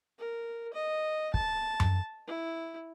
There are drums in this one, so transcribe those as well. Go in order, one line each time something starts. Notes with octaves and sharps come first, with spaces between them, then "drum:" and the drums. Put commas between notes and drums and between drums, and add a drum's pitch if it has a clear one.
A#4
D#5
A5, drum: kick
drum: tom F#2
E4